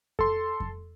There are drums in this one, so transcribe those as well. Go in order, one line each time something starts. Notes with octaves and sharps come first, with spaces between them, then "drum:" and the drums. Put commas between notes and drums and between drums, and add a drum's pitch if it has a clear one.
A4 C6, drum: kick F2
drum: kick F2